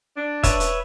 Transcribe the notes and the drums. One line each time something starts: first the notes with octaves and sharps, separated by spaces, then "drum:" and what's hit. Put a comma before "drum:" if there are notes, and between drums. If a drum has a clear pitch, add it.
D4
B4 C#5 E5, drum: kick, hi-hat
drum: hi-hat